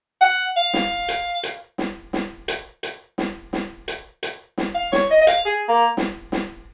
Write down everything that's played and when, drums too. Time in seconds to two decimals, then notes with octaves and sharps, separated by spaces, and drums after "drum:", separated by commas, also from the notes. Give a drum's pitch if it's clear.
0.21 F#5
0.57 F5
0.74 drum: snare
1.08 drum: hi-hat
1.43 drum: hi-hat
1.78 drum: snare
2.13 drum: snare
2.48 drum: hi-hat
2.83 drum: hi-hat
3.18 drum: snare
3.53 drum: snare
3.88 drum: hi-hat
4.23 drum: hi-hat
4.58 drum: snare
4.75 F5
4.93 C#5, drum: snare
5.11 D#5
5.21 D#5
5.27 F5, drum: hi-hat
5.45 G#4
5.69 A#3
5.97 drum: snare
6.32 drum: snare